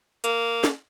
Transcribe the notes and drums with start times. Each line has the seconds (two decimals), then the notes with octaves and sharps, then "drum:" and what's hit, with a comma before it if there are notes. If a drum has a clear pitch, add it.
0.24 A#3, drum: hi-hat
0.64 drum: snare